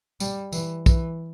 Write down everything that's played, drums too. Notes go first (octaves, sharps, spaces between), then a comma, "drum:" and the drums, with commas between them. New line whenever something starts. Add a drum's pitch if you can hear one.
G3, drum: tambourine
E3, drum: tambourine
E3, drum: kick, tambourine